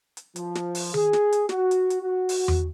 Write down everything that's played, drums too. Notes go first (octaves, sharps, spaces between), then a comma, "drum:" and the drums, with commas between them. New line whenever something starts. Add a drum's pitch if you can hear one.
drum: hi-hat
F3, drum: hi-hat
drum: snare
drum: open hi-hat
G#4, drum: tom D#3
drum: snare
drum: hi-hat
F#4, drum: snare
drum: hi-hat
drum: hi-hat
F#4
drum: open hi-hat
drum: tom E2